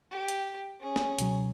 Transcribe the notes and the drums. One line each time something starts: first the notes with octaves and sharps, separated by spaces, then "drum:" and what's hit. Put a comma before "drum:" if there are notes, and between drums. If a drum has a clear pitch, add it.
G4
drum: hi-hat
C#4 G#4
drum: snare
C#2 B2 F#3, drum: hi-hat